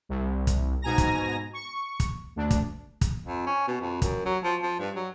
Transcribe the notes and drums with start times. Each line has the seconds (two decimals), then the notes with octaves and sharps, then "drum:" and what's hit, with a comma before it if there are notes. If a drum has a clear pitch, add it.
0.09 C2
0.47 drum: kick, hi-hat
0.82 G#2 B2 G#5 A#5 A#6
0.98 drum: kick, hi-hat
1.53 C#6
2.00 drum: kick, hi-hat
2.36 D2 D4
2.51 drum: kick, hi-hat
3.01 drum: kick, hi-hat
3.25 F2
3.47 C#4
3.68 B2
3.81 F2
4.02 F#2, drum: kick, hi-hat
4.25 F#3
4.44 F3
4.63 F3
4.79 G2
4.96 F#3